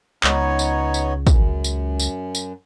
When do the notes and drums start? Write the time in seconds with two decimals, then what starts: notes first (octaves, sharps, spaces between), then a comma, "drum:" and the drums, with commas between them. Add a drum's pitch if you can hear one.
0.24 C#2 B3 D#4 C#5, drum: clap
0.59 drum: tambourine
0.94 drum: tambourine
1.27 F#2, drum: kick, tambourine
1.64 drum: tambourine
2.00 drum: tambourine
2.35 drum: tambourine